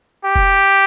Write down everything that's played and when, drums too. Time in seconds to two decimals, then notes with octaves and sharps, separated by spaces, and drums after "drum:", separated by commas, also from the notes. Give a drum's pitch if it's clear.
0.25 G4
0.36 drum: kick F1